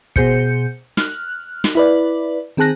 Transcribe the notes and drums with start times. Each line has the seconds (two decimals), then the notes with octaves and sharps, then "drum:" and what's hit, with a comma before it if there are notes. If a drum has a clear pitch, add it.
0.16 B2 G#4 C5 G6 C#7, drum: kick
0.97 F6 F#6, drum: snare
1.64 drum: snare
1.75 E4 B4 D5
2.57 D#3 C4 G#4 A5 F#6 A#6